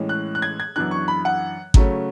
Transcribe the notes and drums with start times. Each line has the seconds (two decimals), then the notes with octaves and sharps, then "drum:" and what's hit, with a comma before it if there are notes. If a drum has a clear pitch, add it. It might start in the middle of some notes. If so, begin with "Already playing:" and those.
Already playing: A2 E3 G#3 C#4
0.09 F#6
0.35 F#6
0.42 G#6
0.60 G#6
0.76 F#2 E3 B3 D4 F#6
0.91 C#6
1.08 B5
1.25 F#5
1.74 C#3 F#3 A3 C#4, drum: kick G#1